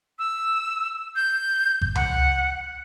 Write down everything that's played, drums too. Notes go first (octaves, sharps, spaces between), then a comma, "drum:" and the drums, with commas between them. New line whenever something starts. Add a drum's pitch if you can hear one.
E6
G6
drum: kick G#1
F#5, drum: tom C#2